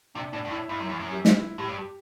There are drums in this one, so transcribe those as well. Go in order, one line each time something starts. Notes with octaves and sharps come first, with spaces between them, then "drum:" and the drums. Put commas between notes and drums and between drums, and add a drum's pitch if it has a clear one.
C3 D4
A2 D4
G2
A2 E4
G2 E4
F#2
E2 E4
F#2
G4
drum: snare
E4
A2 G4
G2
G4